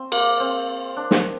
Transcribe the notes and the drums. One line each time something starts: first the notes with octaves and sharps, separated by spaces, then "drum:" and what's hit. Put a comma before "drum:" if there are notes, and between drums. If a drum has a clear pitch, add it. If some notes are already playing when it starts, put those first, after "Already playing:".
Already playing: C4
A#3, drum: cymbal
C4
D4
drum: snare